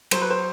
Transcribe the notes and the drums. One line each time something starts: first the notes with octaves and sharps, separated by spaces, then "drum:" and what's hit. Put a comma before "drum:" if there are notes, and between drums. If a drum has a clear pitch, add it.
F#3 C5, drum: cymbal
B4
C5